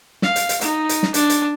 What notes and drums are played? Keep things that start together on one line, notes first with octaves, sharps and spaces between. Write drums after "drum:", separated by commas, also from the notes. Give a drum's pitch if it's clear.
F5, drum: snare
drum: hi-hat
drum: hi-hat
D#4, drum: hi-hat
drum: hi-hat
drum: snare
D4, drum: hi-hat
drum: hi-hat